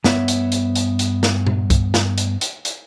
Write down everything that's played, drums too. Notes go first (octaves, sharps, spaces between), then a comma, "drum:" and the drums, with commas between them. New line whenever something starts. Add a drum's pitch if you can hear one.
G2 B3 C#5 E5, drum: snare
drum: hi-hat
drum: hi-hat
drum: hi-hat
drum: hi-hat
drum: snare
drum: tom A#2
drum: kick, hi-hat
drum: snare
drum: hi-hat
drum: hi-hat
drum: hi-hat